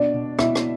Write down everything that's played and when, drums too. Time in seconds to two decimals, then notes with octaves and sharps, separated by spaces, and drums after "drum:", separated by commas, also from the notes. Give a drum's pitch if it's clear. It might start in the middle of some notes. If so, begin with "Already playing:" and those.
Already playing: B2 D4 D5
0.14 B2
0.39 B2 E4 E5, drum: rim click
0.55 drum: rim click